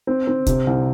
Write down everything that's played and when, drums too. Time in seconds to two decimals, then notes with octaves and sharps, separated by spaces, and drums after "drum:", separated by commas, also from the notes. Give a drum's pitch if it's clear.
0.07 C4
0.27 C4
0.46 C3, drum: kick, hi-hat
0.67 C2